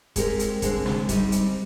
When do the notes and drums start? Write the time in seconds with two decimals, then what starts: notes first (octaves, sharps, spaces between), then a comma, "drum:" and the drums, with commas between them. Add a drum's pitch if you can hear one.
0.16 G#3 C4 G4 A#4, drum: kick E1, hi-hat
0.39 drum: hi-hat
0.62 D3 G#3 C4, drum: kick E1, hi-hat
0.86 drum: snare
1.09 G3 C4 D#4, drum: kick E1, hi-hat
1.32 drum: hi-hat